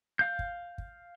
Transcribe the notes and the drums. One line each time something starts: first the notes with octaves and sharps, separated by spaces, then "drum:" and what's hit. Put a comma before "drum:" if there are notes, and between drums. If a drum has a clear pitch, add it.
F5 G6
drum: kick
drum: kick